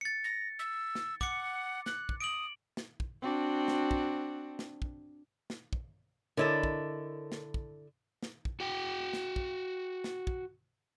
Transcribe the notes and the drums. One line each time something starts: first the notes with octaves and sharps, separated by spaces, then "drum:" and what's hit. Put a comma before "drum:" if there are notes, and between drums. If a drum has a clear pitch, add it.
A6 C#7
A#6
E6
drum: snare
F#5 D6 C#7, drum: kick
F#6, drum: snare
drum: kick
D#6 D7 F#7
drum: snare
drum: kick
C4 D4 F#4
drum: snare
drum: kick
drum: snare
drum: kick
drum: snare
drum: kick
D3 E4 A4 A#4 C#5 D#5
drum: kick
drum: snare
drum: kick
drum: snare
drum: kick
F#4 G5
drum: snare
drum: kick
drum: snare
drum: kick